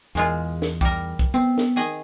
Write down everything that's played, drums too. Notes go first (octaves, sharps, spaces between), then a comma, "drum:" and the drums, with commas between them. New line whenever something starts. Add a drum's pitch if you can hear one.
E2 A#2 G#3 F4
drum: snare
G3 A#4, drum: kick
drum: kick
B3 C4
drum: snare
D#3 G#4 D#5